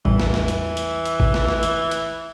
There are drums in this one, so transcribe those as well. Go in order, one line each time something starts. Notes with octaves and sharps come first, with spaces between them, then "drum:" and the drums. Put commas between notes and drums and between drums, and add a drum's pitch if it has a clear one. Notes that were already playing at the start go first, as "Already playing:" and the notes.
E2 A2 E3 G3, drum: kick
drum: snare
drum: snare
drum: hi-hat
drum: hi-hat
drum: hi-hat
drum: kick
drum: snare
drum: snare
drum: hi-hat
drum: hi-hat